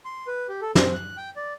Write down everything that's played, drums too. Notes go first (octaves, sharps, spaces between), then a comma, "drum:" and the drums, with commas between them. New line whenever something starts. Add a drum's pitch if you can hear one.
C6
B4
G4
A4
C4, drum: snare
F#6
G5
D5